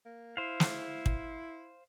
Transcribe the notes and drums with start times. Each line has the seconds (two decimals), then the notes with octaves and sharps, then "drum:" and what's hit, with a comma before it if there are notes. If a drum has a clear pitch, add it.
0.06 A#3
0.37 E4 C5 F5
0.60 drum: snare
1.06 drum: kick